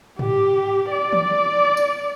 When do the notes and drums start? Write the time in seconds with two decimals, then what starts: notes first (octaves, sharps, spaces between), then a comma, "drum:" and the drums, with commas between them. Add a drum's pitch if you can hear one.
0.19 G4, drum: tom G#2
0.91 D5
1.13 drum: tom
1.77 drum: tambourine